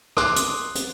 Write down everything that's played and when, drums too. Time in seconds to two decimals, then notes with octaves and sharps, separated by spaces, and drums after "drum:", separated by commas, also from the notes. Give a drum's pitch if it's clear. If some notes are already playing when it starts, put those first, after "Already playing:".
0.17 C6 D6 D#6 F#6, drum: rim click
0.36 drum: hi-hat
0.75 drum: hi-hat